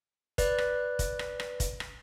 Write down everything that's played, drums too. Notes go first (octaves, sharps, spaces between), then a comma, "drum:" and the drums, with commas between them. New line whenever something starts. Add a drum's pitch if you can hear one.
B4 D5 F#6, drum: kick, hi-hat
drum: rim click
drum: kick, hi-hat
drum: rim click
drum: rim click
drum: kick, hi-hat
drum: rim click